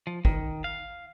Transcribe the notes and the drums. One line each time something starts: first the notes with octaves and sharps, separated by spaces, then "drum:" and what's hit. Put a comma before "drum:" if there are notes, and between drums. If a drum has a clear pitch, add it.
F3
D#3, drum: kick
F5